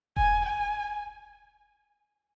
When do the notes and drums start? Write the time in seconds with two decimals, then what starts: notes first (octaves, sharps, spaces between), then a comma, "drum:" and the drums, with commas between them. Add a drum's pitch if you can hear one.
0.16 G#5, drum: kick E1
0.45 G#5